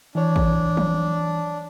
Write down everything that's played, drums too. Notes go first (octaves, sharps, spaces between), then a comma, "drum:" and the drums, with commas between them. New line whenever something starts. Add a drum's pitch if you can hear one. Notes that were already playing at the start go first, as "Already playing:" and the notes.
E3 D4 C#5
drum: kick
drum: tom F3